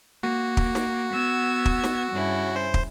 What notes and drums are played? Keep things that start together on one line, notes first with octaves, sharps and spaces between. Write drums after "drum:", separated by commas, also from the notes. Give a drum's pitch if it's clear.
A#3 F#4
drum: kick
drum: snare
B3 E6 G#6
drum: kick
drum: snare
G2 C#3 E4
C5
drum: kick